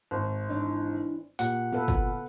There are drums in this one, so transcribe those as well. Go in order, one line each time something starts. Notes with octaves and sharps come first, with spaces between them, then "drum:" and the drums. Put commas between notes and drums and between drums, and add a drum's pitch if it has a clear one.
G#1
E3 D4 D#4
A#2 G4 F#5, drum: tambourine
B3 A4 B4 F5
drum: kick